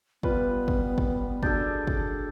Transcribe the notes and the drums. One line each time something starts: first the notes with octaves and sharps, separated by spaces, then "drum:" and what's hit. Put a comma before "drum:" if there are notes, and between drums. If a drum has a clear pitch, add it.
G3 B3 F4 B4, drum: kick
drum: kick
drum: kick
D4 F#4 G#4 A4 G6 A6, drum: kick
drum: kick